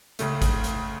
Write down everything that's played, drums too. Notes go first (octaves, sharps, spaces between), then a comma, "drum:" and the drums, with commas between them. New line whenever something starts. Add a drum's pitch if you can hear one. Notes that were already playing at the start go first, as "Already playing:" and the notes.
C#2 C#3 A3, drum: hi-hat
drum: kick, hi-hat
drum: hi-hat